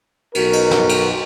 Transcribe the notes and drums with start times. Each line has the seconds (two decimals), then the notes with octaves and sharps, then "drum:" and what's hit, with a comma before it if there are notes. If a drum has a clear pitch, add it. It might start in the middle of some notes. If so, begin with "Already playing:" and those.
0.35 B1 F#4 A#4, drum: cymbal
0.53 drum: cymbal
0.71 drum: snare
0.89 drum: cymbal